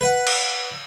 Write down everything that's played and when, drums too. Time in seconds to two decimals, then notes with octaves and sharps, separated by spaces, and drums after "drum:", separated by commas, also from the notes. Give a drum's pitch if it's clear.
0.01 B4 F#5
0.27 drum: cymbal